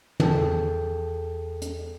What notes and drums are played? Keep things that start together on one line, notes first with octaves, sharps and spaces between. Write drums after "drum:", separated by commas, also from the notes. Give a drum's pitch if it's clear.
E2 G#4 A4 G5, drum: tom
drum: hi-hat